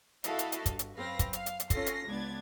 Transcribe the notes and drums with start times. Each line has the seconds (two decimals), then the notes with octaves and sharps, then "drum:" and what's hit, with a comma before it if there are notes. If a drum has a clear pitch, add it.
0.24 E4 F#4 A4 D#5 F5, drum: hi-hat
0.39 drum: hi-hat
0.52 drum: hi-hat
0.66 G2, drum: kick, hi-hat
0.79 drum: hi-hat
0.98 F#2 C4 B4 F5 A#6
1.19 drum: kick, hi-hat
1.33 F5, drum: hi-hat
1.46 drum: hi-hat
1.60 drum: hi-hat
1.70 C#4 F4 A4 A#6 C7, drum: kick, hi-hat
1.86 drum: hi-hat
2.08 C#2 B3 D4 G#6 A6